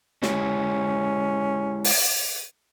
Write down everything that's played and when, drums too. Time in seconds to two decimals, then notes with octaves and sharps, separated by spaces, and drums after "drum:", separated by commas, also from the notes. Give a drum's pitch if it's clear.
0.22 G#3 C#4 E4 G4, drum: snare
1.84 drum: open hi-hat